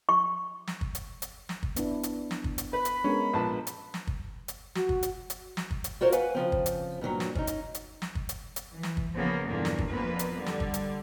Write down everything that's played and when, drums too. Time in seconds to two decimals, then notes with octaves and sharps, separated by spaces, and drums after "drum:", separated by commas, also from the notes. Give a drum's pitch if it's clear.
0.09 C#6
0.67 drum: snare
0.81 drum: kick
0.95 drum: hi-hat
1.22 drum: hi-hat
1.49 drum: snare
1.63 drum: kick
1.76 B3 D4 E4, drum: hi-hat
2.03 drum: hi-hat
2.31 drum: snare
2.44 drum: kick
2.58 drum: hi-hat
2.73 B4 B5
2.85 drum: hi-hat
3.04 G#3 B3 C#4 A#4
3.33 A#1 B4 A5
3.67 drum: hi-hat
3.94 drum: snare
4.07 drum: kick
4.48 drum: hi-hat
4.75 F#4, drum: snare
4.89 drum: kick
5.03 drum: hi-hat
5.30 drum: hi-hat
5.57 drum: snare
5.71 drum: kick
5.84 drum: hi-hat
6.01 F4 F#4 A#4 C5 C#5
6.12 B4 F5 F#5 G#5, drum: hi-hat
6.35 C#3 F3 C4
6.52 drum: kick
6.66 drum: hi-hat
7.01 G2 A#2 E3 F#3
7.20 drum: snare
7.35 C#4 D#4, drum: kick
7.47 drum: hi-hat
7.74 drum: hi-hat
8.02 drum: snare
8.15 drum: kick
8.29 drum: hi-hat
8.56 drum: hi-hat
8.72 E3
8.83 drum: snare
8.97 drum: kick
9.14 C#3 F3 A#3 B3
9.46 E2 G2 A#2 D3 F#3 A#3
9.65 drum: snare
9.78 drum: kick
9.88 F2 A#2 F3 A#3 B3 B4
10.19 drum: hi-hat
10.37 D3 G3
10.46 drum: snare
10.60 drum: kick
10.74 drum: hi-hat